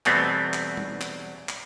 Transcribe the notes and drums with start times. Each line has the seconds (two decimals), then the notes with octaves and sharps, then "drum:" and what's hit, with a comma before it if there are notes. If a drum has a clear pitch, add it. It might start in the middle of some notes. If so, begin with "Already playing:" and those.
0.06 E2 B2 G3 A3 B3 C4, drum: clap
0.54 drum: clap
0.77 drum: tom
1.01 drum: clap
1.49 drum: clap